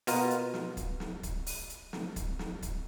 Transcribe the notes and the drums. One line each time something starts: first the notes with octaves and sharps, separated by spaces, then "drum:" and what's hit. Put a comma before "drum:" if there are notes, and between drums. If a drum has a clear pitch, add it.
B2 B3 F4 A#4, drum: open hi-hat
drum: hi-hat
drum: snare
drum: kick, hi-hat
drum: snare
drum: kick, hi-hat
drum: open hi-hat
drum: hi-hat
drum: snare
drum: kick, hi-hat
drum: snare
drum: kick, hi-hat